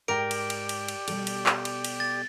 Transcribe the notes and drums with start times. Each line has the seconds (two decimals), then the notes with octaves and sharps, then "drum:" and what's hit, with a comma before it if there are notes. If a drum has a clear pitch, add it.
0.08 G#2 G4 A#4 D5 G5 D7
0.31 drum: cymbal
0.50 drum: cymbal
0.69 drum: cymbal
0.88 drum: cymbal
1.08 B2 G3 A4, drum: cymbal
1.27 drum: cymbal
1.46 drum: clap
1.65 drum: cymbal
1.84 drum: cymbal
2.00 A6